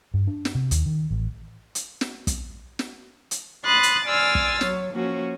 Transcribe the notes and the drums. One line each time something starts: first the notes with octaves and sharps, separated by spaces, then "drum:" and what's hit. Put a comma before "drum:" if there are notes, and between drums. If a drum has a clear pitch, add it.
G2
D4
drum: snare
C3
D#2, drum: hi-hat
D#3
A1
drum: hi-hat
drum: snare
drum: kick, hi-hat
drum: snare
drum: hi-hat
B5 C6 D#6 F#6 A6
drum: hi-hat
D5 G#5 C6 E6 F6 A6
drum: kick
F#3 C#5, drum: snare
F3 A#3 C#4 F#4